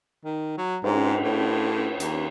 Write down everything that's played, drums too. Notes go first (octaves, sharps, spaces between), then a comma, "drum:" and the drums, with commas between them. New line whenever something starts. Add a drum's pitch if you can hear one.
D#3
F#3
G#2, drum: cymbal
A2
D#2, drum: hi-hat